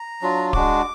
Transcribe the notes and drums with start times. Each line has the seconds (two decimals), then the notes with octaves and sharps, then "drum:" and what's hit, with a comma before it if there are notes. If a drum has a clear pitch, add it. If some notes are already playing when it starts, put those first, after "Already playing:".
Already playing: A#5
0.22 F#3 D4 F4
0.53 G#3 D4 F#4 D6, drum: kick D1